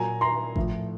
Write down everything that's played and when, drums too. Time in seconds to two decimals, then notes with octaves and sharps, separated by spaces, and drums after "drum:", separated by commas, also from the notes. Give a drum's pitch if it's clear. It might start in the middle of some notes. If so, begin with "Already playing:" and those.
Already playing: A#2 F#3 G#5 A#5
0.21 A#5 C6
0.56 A2 F3, drum: kick G#1